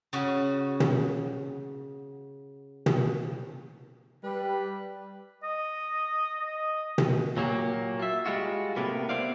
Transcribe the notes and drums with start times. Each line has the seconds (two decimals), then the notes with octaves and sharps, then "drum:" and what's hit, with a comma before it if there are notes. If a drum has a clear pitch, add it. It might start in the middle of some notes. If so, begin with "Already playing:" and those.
0.13 C#3 F#4
0.80 drum: tom
2.86 drum: tom
4.23 G3 B4
5.43 D#5
6.40 D#5
6.98 drum: tom
7.37 A#2 F#3 A#3 F#4 G4
7.99 F4 E5
8.26 G3 G#3 F4 F#4
8.76 A2 C3 A#3 B3
9.09 B3 C4 E4 C5 D5 F5